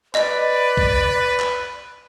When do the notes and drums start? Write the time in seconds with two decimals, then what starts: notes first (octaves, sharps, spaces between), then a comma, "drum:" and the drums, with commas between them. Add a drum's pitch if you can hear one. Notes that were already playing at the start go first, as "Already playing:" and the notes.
0.15 B4 D5 D#5, drum: clap
0.77 drum: kick
1.40 drum: clap